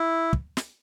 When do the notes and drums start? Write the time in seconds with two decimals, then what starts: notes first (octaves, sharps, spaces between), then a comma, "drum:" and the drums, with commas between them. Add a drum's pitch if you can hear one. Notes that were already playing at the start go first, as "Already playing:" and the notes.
Already playing: E4
0.33 drum: kick
0.57 drum: snare